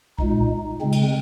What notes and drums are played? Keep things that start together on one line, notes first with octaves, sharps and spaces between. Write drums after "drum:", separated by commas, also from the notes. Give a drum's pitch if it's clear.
A#2 G#3 D#4, drum: kick B1
C#3 G#3 C4
drum: cymbal